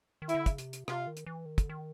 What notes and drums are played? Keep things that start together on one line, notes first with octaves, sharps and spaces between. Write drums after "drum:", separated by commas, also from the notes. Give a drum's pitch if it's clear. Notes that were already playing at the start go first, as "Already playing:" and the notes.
D#3
E4, drum: hi-hat
D3
C#3, drum: kick, hi-hat
C3, drum: hi-hat
drum: hi-hat
C3 F4, drum: rim click
D#3
drum: hi-hat
E3
D#3
D3, drum: kick, hi-hat
D#3